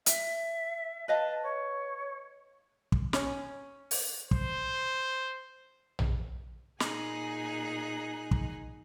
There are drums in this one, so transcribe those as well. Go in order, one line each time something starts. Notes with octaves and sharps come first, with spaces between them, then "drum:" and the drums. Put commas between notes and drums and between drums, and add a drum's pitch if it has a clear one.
E5, drum: hi-hat
B4 D#5 F5 A5
C#5
drum: kick
C#4, drum: snare
drum: open hi-hat
C5, drum: kick
drum: tom A#1
A#2 D#4 G#4 G#5 A#5 F#6, drum: snare
drum: kick